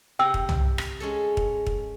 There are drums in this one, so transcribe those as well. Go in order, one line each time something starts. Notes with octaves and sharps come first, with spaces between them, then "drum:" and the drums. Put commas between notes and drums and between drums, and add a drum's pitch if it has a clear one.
C3 G5 A#5 E6
drum: kick
drum: tom C2
drum: rim click
G#3 C#4 A4
drum: kick
drum: kick